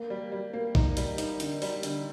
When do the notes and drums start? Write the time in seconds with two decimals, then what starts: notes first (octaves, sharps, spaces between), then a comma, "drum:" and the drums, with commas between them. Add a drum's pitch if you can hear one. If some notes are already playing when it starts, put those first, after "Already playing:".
Already playing: A#3
0.10 G3
0.32 G3
0.53 A#3
0.75 D#4, drum: kick
0.97 G3, drum: hi-hat
1.18 D#4, drum: hi-hat
1.40 D3, drum: hi-hat
1.62 G3, drum: open hi-hat
1.83 D3, drum: hi-hat